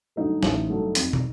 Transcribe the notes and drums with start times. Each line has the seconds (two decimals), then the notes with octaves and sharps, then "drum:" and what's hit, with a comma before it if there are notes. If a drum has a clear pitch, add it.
0.16 G2 D3 F#3 A3 D#4
0.43 A1, drum: snare
0.69 G2 D3 F#3 A3
0.95 F2, drum: hi-hat
1.13 drum: tom